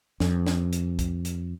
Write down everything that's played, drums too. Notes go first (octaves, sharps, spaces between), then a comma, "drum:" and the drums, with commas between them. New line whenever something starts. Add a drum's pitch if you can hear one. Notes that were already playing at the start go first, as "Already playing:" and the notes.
F2, drum: snare
drum: snare
drum: hi-hat
drum: kick, hi-hat
drum: hi-hat